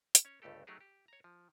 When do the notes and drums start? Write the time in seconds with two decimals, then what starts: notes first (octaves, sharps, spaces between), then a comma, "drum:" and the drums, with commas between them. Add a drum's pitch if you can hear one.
0.15 drum: hi-hat
0.25 C#4 C#5
0.42 G1 C#2 G2 A3 G4 A4
0.67 F#3 A3 D#4 G4 G#4
0.80 G4
1.08 C#5 A#5
1.24 F3